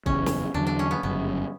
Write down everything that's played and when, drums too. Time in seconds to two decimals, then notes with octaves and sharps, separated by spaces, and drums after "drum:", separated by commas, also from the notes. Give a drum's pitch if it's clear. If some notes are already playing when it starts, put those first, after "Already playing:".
0.06 F#1 E2 C#3 C#4, drum: kick
0.26 drum: snare
0.54 E2 D3 F#3 D4
0.67 D4
0.79 C#4
0.91 B3
1.03 G1 F#2 C#3 B3